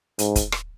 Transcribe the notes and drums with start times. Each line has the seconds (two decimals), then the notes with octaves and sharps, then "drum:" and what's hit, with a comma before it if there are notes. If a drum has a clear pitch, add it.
0.19 G#2, drum: hi-hat
0.36 drum: kick, hi-hat
0.52 drum: rim click